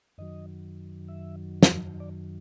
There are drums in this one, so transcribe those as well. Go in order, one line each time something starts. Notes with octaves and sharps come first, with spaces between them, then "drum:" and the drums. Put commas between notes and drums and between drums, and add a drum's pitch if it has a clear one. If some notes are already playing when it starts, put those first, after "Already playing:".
F#2 D#3 F#3 D#5
E5
drum: snare
D5